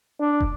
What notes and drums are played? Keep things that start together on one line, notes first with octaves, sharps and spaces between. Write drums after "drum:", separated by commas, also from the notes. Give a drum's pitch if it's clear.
D4
drum: kick